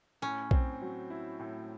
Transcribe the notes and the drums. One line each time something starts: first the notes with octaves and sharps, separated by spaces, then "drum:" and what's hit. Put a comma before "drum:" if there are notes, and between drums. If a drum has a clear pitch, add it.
A2 C#4
C4, drum: kick B1
F#3
E4
A2